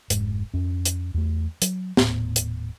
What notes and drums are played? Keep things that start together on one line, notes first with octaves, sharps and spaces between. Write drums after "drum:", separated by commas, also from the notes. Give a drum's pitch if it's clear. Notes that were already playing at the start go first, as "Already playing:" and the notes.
F1 G#2, drum: hi-hat
F2 C#4
drum: hi-hat
E2 A3
F#3, drum: hi-hat
D#1 A2 B3, drum: snare
drum: hi-hat